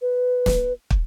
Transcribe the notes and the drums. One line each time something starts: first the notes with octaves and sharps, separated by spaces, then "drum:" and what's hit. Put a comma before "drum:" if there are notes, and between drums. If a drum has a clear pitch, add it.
B4
drum: snare
drum: kick